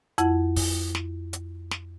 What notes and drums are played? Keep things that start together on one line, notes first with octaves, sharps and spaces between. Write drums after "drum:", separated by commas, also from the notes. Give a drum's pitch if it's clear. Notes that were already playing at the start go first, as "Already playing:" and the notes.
F2 E4 F#5, drum: hi-hat
drum: kick, open hi-hat
drum: snare
drum: hi-hat
drum: snare